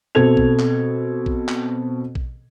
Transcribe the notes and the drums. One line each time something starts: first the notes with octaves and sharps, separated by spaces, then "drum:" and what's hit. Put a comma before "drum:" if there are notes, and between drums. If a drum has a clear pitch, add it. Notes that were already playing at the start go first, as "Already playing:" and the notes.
B2 C4 A4 G#6 F7
drum: kick A#1
drum: clap
drum: kick A#1
drum: clap
drum: kick A#1